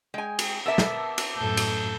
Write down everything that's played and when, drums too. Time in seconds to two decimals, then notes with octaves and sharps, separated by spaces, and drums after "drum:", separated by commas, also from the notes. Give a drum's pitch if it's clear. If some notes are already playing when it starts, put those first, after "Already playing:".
0.14 G#3 G5 G#5
0.39 drum: cymbal
0.66 B3 A#4 E5 A5 D6 E6
0.78 drum: snare
1.18 drum: cymbal
1.37 F#2 A2 A4 G6
1.57 drum: cymbal